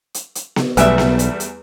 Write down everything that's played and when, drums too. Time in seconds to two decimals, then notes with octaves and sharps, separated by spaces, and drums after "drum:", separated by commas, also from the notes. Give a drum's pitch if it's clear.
0.14 drum: hi-hat
0.35 drum: hi-hat
0.56 drum: snare B3
0.77 B1 E2 G3 A3 B3 B4 E5 G#5, drum: hi-hat
0.98 drum: snare B3
1.19 drum: hi-hat
1.40 drum: hi-hat